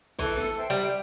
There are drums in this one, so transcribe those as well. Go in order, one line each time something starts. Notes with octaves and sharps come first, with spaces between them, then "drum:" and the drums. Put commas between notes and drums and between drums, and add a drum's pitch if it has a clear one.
E3 A4, drum: kick A1
drum: snare
C5 E5 G5
G3